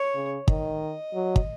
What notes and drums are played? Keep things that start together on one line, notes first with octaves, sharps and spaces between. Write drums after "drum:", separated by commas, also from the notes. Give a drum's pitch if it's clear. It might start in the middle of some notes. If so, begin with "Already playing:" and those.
Already playing: C#5
C#3
D#3 D#5, drum: kick
F#3
drum: kick